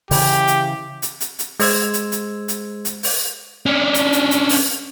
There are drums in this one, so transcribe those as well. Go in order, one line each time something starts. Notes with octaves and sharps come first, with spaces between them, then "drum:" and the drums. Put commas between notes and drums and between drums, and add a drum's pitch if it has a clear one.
C#3 E3 G4, drum: open hi-hat
drum: hi-hat
drum: hi-hat
drum: hi-hat
drum: hi-hat
G#3 C5 E6 G#6, drum: open hi-hat
drum: hi-hat
drum: hi-hat
drum: hi-hat
drum: hi-hat
drum: open hi-hat
C#4 D4
drum: hi-hat
drum: hi-hat
drum: hi-hat
drum: open hi-hat